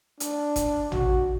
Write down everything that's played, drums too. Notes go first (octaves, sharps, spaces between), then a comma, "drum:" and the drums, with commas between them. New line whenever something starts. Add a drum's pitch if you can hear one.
D4, drum: hi-hat
drum: kick F1, hi-hat
F#4, drum: tom